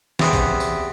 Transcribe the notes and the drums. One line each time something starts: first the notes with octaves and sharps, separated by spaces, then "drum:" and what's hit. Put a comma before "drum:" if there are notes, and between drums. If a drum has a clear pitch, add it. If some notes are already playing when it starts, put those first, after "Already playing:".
E2 C4 G4 E5 F#5 D#6, drum: snare
drum: kick A#1, tambourine
drum: tambourine